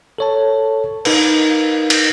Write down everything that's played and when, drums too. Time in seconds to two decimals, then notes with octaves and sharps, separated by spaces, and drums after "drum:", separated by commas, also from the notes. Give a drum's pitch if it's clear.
0.18 A4 C#5 A5
1.05 D#4 A#4 B4, drum: cymbal
1.90 drum: cymbal